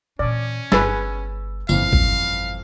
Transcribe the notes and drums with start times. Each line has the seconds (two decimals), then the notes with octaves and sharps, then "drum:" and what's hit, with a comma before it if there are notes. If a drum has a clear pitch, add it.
0.19 A#2 E3 C#4 D5
0.72 G1 G#4 B4 E6 A6, drum: snare
1.69 G1 F2 A#2 E3 F5, drum: tambourine
1.93 drum: kick